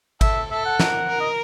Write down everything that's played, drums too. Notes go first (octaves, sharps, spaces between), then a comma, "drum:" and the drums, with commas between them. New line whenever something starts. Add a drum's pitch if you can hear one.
A4 E5, drum: kick G#1, cymbal
A4 E5
F#5
A#4, drum: snare
A#4
D#5